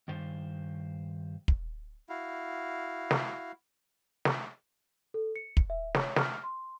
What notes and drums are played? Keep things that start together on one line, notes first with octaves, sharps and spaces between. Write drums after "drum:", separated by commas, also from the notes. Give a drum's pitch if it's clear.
G2 D#3 C5
drum: kick
E4 F#4 F5
drum: snare
drum: snare
A4
C#7
drum: kick
E5
C#5, drum: snare
F6, drum: snare
C6